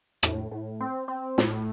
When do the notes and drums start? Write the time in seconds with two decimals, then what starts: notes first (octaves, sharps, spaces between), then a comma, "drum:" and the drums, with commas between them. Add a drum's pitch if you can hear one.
0.23 A2, drum: rim click
0.51 A2
0.81 C4
1.08 C4
1.38 A2, drum: snare